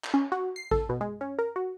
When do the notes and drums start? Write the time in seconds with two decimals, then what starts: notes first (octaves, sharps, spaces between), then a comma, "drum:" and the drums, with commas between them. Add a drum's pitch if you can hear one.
0.04 drum: clap
0.14 C#4
0.32 F#4
0.56 C7
0.71 A4, drum: kick A1
0.89 B2
1.01 G#3
1.21 C#4
1.39 A#4
1.56 F#4